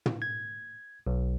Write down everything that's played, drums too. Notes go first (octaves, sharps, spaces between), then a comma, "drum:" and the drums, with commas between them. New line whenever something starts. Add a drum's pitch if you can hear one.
drum: tom
G#6
B1